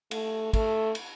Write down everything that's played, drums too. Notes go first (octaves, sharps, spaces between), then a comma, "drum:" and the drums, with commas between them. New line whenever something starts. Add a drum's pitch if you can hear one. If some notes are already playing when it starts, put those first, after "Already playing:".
A3, drum: cymbal
A3, drum: kick, cymbal
drum: cymbal